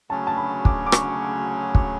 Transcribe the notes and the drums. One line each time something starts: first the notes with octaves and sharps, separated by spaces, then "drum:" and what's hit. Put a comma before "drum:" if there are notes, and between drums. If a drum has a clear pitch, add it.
D2 C#3 F#3 C#4 A5
A5
B5
D6, drum: kick
D6
C#6, drum: rim click
D6, drum: kick